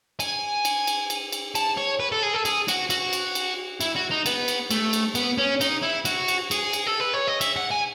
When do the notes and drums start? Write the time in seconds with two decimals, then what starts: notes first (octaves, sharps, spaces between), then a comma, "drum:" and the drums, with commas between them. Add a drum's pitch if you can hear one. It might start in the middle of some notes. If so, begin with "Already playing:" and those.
0.20 G#5, drum: cymbal
0.65 drum: cymbal
0.87 drum: cymbal
1.10 drum: cymbal
1.32 drum: cymbal
1.55 A5, drum: cymbal
1.78 C#5
2.00 B4
2.12 A4
2.23 G#4
2.34 A4
2.45 G#4, drum: cymbal
2.68 F#4, drum: cymbal
2.90 F#4, drum: cymbal
3.13 drum: cymbal
3.35 drum: cymbal
3.81 E4, drum: cymbal
3.96 F#4
4.11 D#4
4.26 B3, drum: cymbal
4.48 drum: cymbal
4.71 A3, drum: cymbal
4.93 drum: cymbal
5.15 B3, drum: cymbal
5.38 C#4
5.61 D#4, drum: cymbal
5.83 E4
6.05 F#4, drum: cymbal
6.28 drum: cymbal
6.51 G#4, drum: cymbal
6.73 drum: cymbal
6.87 A4
7.00 B4
7.14 C#5
7.28 D#5
7.41 E5, drum: cymbal
7.56 F#5
7.71 G#5